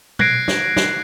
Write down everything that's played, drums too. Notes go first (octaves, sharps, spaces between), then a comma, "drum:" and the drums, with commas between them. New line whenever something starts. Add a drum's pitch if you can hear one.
F#6 G#6 A#6 C7 D7, drum: tom
drum: snare
drum: snare